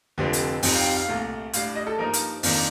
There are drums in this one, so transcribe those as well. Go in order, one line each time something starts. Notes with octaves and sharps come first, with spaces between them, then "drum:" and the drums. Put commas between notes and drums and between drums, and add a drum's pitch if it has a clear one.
F1 F2 D3 G3 C4
drum: hi-hat
F2 C3 G3 C4 D#4 G5, drum: open hi-hat
F5
G5
F5
F5
C2 A#2 A3
A2 G3 D4 F5, drum: hi-hat
D#5
A4
G2 F3 A#3 D#4 A#4
drum: hi-hat
F2 D#3 A#3 D4, drum: open hi-hat